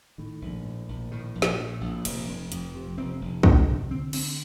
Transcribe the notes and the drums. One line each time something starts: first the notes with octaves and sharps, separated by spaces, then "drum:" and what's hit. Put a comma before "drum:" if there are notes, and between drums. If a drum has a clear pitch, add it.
A2 D#3
A#1
A2
A#1
A2 D#3
A#1
F3, drum: snare
A2
A#1
F1, drum: cymbal
F1
F2, drum: hi-hat
C3
F1 C4
F1
F2 D4, drum: kick
C3
D3 C4
D2 C4, drum: cymbal